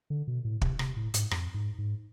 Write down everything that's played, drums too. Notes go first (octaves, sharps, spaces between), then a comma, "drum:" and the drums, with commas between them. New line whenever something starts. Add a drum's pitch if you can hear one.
D3
B2
A2
C3, drum: kick
C3, drum: rim click
A2
G#2, drum: hi-hat
F2, drum: rim click
G#2
G#2